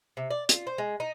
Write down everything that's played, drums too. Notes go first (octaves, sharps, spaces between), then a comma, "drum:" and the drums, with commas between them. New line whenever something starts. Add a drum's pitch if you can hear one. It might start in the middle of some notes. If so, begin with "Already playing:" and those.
C3
D5
F4, drum: hi-hat
C5
G#3
D#4